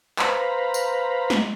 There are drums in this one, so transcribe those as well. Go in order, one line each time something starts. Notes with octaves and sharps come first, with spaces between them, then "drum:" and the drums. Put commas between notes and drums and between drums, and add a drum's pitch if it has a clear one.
B4 C5 F5 A#5 B5, drum: clap
drum: tambourine
drum: snare